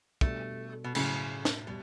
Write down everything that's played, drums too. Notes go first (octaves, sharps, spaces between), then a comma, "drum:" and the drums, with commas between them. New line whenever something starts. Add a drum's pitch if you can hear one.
B2 G3 A3 D4, drum: kick
B2
A2 C#3 F#3 A3 E4, drum: cymbal
drum: snare
B2 G3